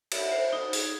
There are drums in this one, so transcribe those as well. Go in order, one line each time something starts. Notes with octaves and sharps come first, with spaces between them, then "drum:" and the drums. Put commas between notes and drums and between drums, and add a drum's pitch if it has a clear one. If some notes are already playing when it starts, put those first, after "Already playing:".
E5, drum: cymbal
C5
D#4
G#4, drum: open hi-hat